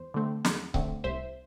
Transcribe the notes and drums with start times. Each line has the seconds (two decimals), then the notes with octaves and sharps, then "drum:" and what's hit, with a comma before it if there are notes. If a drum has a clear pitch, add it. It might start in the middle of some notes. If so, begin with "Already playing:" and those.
Already playing: E2 C5
0.14 D3 A3 C4
0.45 E2, drum: snare
0.74 D3 A3 C4, drum: kick C#1
1.04 C2 C5 E5